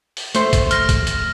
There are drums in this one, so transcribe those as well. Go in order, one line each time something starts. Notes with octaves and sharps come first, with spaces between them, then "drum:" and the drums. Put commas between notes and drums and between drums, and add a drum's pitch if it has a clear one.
drum: open hi-hat
A3 C5, drum: hi-hat
drum: kick, hi-hat
F6 A#6, drum: hi-hat
drum: kick, hi-hat
drum: hi-hat